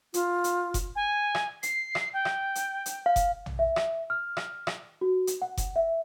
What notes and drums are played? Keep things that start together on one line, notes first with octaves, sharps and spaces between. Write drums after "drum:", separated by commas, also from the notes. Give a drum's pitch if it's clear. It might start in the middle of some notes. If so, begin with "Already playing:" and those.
F4, drum: hi-hat
drum: hi-hat
drum: kick F1, hi-hat
G#5
drum: rim click
C7, drum: hi-hat
drum: rim click
G5
drum: rim click
drum: hi-hat
drum: hi-hat
F5
drum: kick F1, hi-hat
drum: tom
E5
drum: rim click
F6
drum: rim click
drum: rim click
F#4
drum: hi-hat
F#5
drum: kick F1, hi-hat
E5